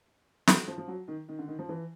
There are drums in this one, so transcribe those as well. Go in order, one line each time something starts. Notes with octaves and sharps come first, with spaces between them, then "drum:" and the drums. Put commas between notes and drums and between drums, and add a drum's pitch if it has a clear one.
F#3, drum: snare
F3
F3
F#3
D#3
D#3
D3
D#3
F3
E3